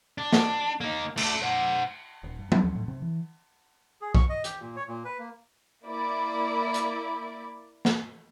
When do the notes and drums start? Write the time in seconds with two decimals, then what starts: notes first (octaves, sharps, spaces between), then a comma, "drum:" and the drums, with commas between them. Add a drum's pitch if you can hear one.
0.18 D4
0.33 drum: snare
0.81 A#3 D#4
1.17 A3 D4, drum: cymbal
1.42 C5 F#5
2.24 D#1
2.39 G2
2.52 B3, drum: tom F#3
2.63 D#2
2.75 A2
2.88 C3
3.02 E3
4.01 G#4
4.15 C#6, drum: kick
4.29 D#5
4.44 G4, drum: hi-hat
4.60 A#2
4.76 C#5
4.88 A#2
5.05 B4
5.19 A#3
5.86 A#3 E4 D5 B5
6.74 drum: hi-hat
7.85 drum: snare